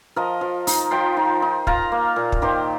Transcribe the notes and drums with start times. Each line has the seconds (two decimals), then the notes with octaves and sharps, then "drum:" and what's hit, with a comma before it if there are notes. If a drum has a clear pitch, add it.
0.16 F3 A#4 D#5
0.41 F3
0.67 D#4, drum: open hi-hat
0.91 F3 G5 C6
1.17 D#4
1.42 D#4
1.67 F4 F5 A#5, drum: kick
1.92 A#3
2.16 A#2
2.32 drum: kick
2.42 D#3 G4 C5